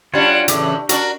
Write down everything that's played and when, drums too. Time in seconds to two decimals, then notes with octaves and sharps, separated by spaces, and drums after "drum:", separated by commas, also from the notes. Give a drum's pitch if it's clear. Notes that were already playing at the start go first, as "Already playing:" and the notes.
0.14 G3 D4 F4 F#4 C#5
0.48 A2 C#3 E3 D6, drum: hi-hat
0.89 D4 F#4 A#4, drum: hi-hat